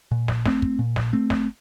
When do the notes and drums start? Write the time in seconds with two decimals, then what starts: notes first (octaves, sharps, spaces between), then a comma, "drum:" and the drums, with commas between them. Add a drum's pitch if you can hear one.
0.11 A#2
0.28 drum: snare
0.46 A3 C4, drum: snare
0.62 drum: kick
0.79 A#2
0.96 drum: snare
1.13 A3 C4
1.30 drum: snare